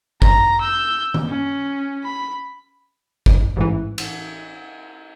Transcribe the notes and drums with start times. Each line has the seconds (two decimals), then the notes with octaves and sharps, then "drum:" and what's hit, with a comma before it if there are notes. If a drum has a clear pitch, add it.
0.22 A#5, drum: kick
0.61 E6 G6
1.14 drum: tom D#3
1.29 C#4
2.04 B5
3.26 drum: kick
3.56 A1 G#2 E3
3.98 drum: cymbal